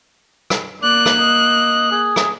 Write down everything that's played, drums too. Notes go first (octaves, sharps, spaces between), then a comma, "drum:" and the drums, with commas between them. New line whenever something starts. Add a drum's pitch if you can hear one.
drum: rim click
A#3 D5 F#6
drum: rim click
D#5
G#4
drum: rim click